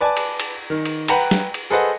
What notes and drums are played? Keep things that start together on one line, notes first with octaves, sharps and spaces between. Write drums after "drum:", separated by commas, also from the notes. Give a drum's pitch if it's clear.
B4 D5 G#5 A5
drum: cymbal
drum: cymbal
D#3
drum: cymbal
B4 F#5 G5 A#5 B5, drum: cymbal
drum: snare
drum: cymbal
G#4 A4 B4 C5 D#5 F#5